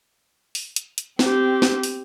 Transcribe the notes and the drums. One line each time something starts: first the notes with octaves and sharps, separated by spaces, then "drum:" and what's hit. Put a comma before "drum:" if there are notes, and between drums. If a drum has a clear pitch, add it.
drum: open hi-hat
drum: hi-hat
drum: hi-hat
C4 G4, drum: snare
drum: snare
drum: open hi-hat